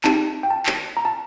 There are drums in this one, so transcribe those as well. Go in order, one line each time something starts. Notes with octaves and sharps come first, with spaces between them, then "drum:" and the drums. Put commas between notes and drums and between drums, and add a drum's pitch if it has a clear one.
C4 D#4 G4 A5, drum: clap
G5
A5
drum: clap
A#5
A5